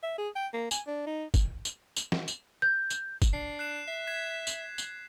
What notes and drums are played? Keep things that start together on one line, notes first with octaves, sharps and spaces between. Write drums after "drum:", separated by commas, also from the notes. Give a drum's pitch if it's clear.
E5
G#4
G5
A#3
G#5, drum: tambourine
D4
D#4
drum: kick, tambourine
drum: tambourine
drum: tambourine
drum: snare
drum: tambourine
G6
drum: tambourine
drum: kick, tambourine
D4 C7
F#6 C7 E7
E5 C7
G#6 B6 E7
drum: tambourine
drum: tambourine